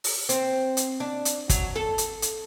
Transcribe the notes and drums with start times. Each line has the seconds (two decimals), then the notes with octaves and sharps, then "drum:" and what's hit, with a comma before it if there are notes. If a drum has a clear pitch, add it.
0.04 drum: open hi-hat
0.29 C4, drum: hi-hat
0.77 drum: hi-hat
1.00 D4
1.25 drum: hi-hat
1.49 F#3, drum: kick, hi-hat
1.76 A4
1.98 drum: hi-hat
2.22 drum: hi-hat